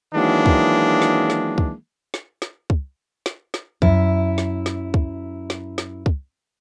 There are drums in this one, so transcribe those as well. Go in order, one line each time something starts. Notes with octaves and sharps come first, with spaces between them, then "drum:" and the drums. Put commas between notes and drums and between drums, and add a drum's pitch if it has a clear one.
D#3 E3 F#3 G#3 A#3 D4
drum: kick
drum: snare
drum: snare
drum: kick
drum: snare
drum: snare
drum: kick
drum: snare
drum: snare
F#2 E4, drum: kick
drum: snare
drum: snare
drum: kick
drum: snare
drum: snare
drum: kick